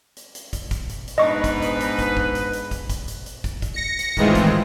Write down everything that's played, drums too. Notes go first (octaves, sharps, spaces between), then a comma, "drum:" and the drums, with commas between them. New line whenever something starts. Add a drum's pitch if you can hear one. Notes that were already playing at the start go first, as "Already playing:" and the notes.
drum: hi-hat
drum: hi-hat
drum: kick, hi-hat
drum: kick, hi-hat
drum: hi-hat
drum: hi-hat
G#2 B3 D4 D#4 B4 D#5 C#6
drum: kick, hi-hat
drum: hi-hat
drum: hi-hat
drum: kick, hi-hat
drum: kick
drum: hi-hat
drum: hi-hat
drum: kick, hi-hat
drum: kick, hi-hat
drum: hi-hat
drum: hi-hat
drum: kick, hi-hat
drum: kick, hi-hat
A#6 C#7
drum: hi-hat
A2 D#3 E3 G#3 C4 F4, drum: kick, hi-hat
drum: kick, hi-hat